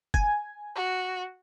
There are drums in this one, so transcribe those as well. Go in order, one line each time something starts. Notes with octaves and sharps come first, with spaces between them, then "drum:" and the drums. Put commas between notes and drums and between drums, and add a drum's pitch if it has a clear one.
G#5, drum: kick F#1
F#4